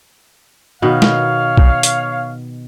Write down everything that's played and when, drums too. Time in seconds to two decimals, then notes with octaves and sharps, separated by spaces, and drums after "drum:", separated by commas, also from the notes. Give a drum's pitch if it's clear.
0.82 B2 D#3 B3 C#5 F5
1.02 drum: snare
1.57 drum: kick B1
1.83 drum: hi-hat